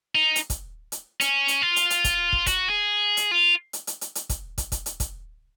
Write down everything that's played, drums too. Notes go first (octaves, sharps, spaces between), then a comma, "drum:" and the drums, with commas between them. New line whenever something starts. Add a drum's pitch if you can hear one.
D#4
drum: hi-hat
drum: kick, hi-hat
drum: hi-hat
C#4, drum: hi-hat
drum: hi-hat
F4
drum: hi-hat
drum: hi-hat
drum: kick, hi-hat
drum: kick
F#4, drum: kick, hi-hat
G#4
drum: hi-hat
F4
drum: hi-hat
drum: hi-hat
drum: hi-hat
drum: hi-hat
drum: kick, hi-hat
drum: kick, hi-hat
drum: kick, hi-hat
drum: hi-hat
drum: kick, hi-hat